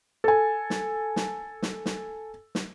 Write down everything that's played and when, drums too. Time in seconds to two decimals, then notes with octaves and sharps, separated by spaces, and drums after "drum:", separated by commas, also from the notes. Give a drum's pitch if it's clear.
0.24 A4 G#5
0.70 drum: snare
1.16 drum: snare
1.62 drum: snare
1.86 drum: snare
2.55 drum: snare